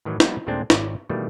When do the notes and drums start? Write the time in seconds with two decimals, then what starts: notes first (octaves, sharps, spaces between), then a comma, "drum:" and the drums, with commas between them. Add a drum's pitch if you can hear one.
0.05 A2 D#3 E3 F#3
0.20 F3 G3 A#3 B3 D#4 E4, drum: snare
0.47 D#2 A#2 G#3 A3 C4 D4
0.70 G#1 C#5 D5, drum: snare
1.09 B2 D#3 E3 G3 A3 A#3